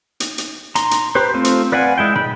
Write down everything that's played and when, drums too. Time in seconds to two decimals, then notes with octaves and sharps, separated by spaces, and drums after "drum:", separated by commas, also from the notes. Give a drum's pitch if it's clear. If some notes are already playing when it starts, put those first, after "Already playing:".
0.20 drum: hi-hat
0.38 drum: hi-hat
0.75 A#5 C6, drum: hi-hat
0.91 drum: hi-hat
1.15 G4 B4 C5
1.34 A3 C4 F4
1.45 drum: hi-hat
1.72 B4 D5 F5 F#5 G#5
1.98 G#3 E4 G5
2.16 B5, drum: tom